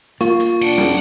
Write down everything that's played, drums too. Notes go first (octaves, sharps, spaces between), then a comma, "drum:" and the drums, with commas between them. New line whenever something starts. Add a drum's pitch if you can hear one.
A#3 F4 C#6, drum: hi-hat
drum: hi-hat
D4 F#5 G5
drum: snare